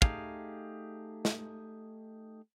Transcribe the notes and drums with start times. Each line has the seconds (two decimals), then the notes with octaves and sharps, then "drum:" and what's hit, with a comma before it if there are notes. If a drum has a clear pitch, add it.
0.02 A3 D#4 G4 G#4 F5, drum: kick
1.25 drum: snare